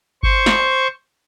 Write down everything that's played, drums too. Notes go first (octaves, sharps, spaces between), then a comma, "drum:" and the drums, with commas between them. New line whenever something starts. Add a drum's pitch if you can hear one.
C5 C#6, drum: kick G1
drum: snare